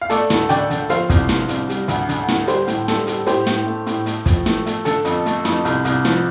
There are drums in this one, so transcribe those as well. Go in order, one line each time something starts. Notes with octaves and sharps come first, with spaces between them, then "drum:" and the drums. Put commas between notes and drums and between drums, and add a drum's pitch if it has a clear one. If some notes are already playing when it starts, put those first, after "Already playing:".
F5
A3 A4 D5, drum: hi-hat
D2, drum: snare
D3 D5 G5, drum: hi-hat
D3, drum: hi-hat
F3 C5 F5, drum: hi-hat
C2, drum: kick, hi-hat
C2, drum: snare
C2, drum: hi-hat
G3, drum: hi-hat
D2, drum: hi-hat
D3, drum: hi-hat
D3, drum: snare
G3 G4 C5, drum: hi-hat
A2, drum: hi-hat
G3 A4, drum: snare
G3, drum: hi-hat
A2 G4 C5, drum: hi-hat
A2, drum: snare
A3
A2, drum: hi-hat
A3, drum: hi-hat
F3, drum: kick, hi-hat
A3, drum: snare
A3, drum: hi-hat
D3 A4, drum: hi-hat
F2, drum: hi-hat
A3, drum: hi-hat
F2, drum: snare
C2, drum: hi-hat
C2, drum: hi-hat
F3, drum: snare